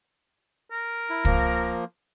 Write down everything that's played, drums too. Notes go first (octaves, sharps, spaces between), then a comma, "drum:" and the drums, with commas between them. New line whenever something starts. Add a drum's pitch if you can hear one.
A#4
E4
F3 A#3, drum: kick